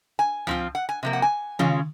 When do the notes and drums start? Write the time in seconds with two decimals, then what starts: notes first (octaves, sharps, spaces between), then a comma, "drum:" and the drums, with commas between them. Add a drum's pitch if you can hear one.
0.19 G#5
0.47 F3 C4 F4, drum: tom
0.75 F#5
0.89 G#5
1.03 C3 F3 A#3
1.13 F#5
1.22 G#5
1.59 C#3 G#3 C#4 F4, drum: tom D#3